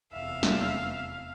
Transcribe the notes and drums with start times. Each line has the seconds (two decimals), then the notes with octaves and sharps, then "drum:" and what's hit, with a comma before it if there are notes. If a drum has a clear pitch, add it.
0.13 F1 E2 E5 F5
0.43 drum: snare